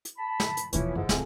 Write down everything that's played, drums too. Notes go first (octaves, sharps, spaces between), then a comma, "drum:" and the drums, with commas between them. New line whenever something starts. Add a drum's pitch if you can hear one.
drum: hi-hat
A5 B5
drum: snare
drum: hi-hat
D#1 B2 E3 F3 B3 C#4 E4 B4, drum: hi-hat
F#1 G#2 D3
D1 C4 F4 G#4 A4, drum: snare